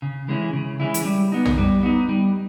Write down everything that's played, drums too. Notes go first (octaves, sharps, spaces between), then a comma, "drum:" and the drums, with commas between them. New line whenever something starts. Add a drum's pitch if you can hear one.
C#3
E3 G#3 C#4 E4
C#3
E3 G#3 C#4 E4
drum: hi-hat
G3
B3 D#4
drum: tom
G3
B3 D#4
G3